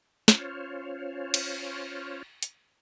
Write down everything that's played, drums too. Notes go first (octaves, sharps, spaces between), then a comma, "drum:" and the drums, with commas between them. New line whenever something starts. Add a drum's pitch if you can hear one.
C#4 F4 C5 C#5, drum: snare
drum: cymbal
drum: hi-hat